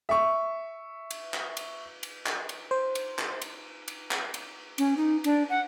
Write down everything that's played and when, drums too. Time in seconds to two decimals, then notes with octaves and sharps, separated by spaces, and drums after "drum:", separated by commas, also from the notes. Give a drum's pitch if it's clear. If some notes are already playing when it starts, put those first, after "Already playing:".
0.09 E5 C#6
1.11 drum: cymbal
1.34 drum: clap
1.57 drum: cymbal
2.03 drum: cymbal
2.26 drum: clap
2.49 drum: cymbal
2.71 C5
2.95 drum: cymbal
3.18 drum: clap
3.42 drum: cymbal
3.88 drum: cymbal
4.11 drum: clap
4.34 drum: cymbal
4.78 C#4, drum: cymbal
4.96 D#4
5.24 D4, drum: cymbal
5.49 F#5